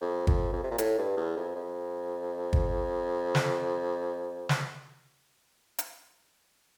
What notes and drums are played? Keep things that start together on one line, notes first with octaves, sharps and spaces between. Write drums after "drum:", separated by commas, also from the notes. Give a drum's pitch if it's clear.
F2
F2, drum: kick
F2
C3
A#2
A2, drum: hi-hat
G2
E2
F2
F2
drum: kick
drum: snare
drum: snare
drum: hi-hat